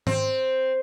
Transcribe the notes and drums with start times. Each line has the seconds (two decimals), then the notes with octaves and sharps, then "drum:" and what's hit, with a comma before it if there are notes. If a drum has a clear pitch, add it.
0.07 C4, drum: tom G#2